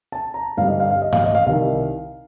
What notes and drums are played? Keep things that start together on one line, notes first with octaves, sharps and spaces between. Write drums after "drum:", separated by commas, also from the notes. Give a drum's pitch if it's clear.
A5
A#5
G2 D3 G3 F5
D#5
F5
F5
D#5
F5, drum: tom G2
D#5
F5
C2 C3 D#3 F5